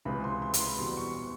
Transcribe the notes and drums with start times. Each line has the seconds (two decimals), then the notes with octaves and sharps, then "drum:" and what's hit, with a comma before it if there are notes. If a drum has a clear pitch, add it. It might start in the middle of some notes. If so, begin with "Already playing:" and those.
0.05 C#2 C3 E3 G#3 B5
0.24 C6
0.42 C6
0.54 C6, drum: hi-hat
0.67 B5
0.78 E2 B2 G3 B3 C6
0.97 C#6
1.15 C#6